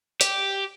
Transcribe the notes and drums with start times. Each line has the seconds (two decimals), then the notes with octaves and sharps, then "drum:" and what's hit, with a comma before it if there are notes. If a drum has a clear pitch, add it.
0.21 G4, drum: hi-hat